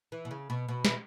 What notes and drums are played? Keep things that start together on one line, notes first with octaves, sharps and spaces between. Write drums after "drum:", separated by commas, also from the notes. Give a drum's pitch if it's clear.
E3
B2
C#3
B2
B2
E3, drum: snare